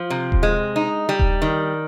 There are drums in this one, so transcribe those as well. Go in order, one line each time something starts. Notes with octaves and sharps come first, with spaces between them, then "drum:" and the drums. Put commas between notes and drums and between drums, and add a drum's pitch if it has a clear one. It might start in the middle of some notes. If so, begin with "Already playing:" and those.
Already playing: F3
C3
drum: kick D#1
G#3
D#4
G3
drum: kick D#1
D#3